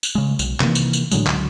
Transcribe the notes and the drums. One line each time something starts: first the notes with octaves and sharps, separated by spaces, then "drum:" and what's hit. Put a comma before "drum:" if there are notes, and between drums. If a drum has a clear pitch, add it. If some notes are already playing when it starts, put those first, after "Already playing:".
drum: tambourine
C#3 G#3
B1, drum: tambourine
C3 D#3 E3 A#3, drum: clap
drum: tambourine
drum: tambourine
A2 D3 F#3 G#3, drum: tambourine
C#2 D3 F#3, drum: clap